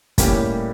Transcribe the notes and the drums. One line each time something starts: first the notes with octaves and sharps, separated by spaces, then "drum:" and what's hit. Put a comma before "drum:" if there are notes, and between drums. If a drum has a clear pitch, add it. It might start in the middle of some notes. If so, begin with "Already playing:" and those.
A2 G3 A#3 C#4 G4, drum: kick, hi-hat